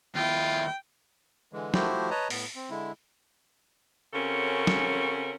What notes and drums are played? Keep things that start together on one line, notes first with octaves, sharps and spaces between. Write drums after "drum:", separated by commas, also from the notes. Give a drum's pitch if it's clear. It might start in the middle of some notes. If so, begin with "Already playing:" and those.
D#2 E4 F4 G5
D3 E3 G#3
F3 A3 E4 F#4 G4 C5, drum: snare
B4 C#5 D#5 A5 A#5
A2 B3, drum: open hi-hat
C4
D3 G#3 E4
C#3 C4 C#4 F#4 A4 A#4
drum: snare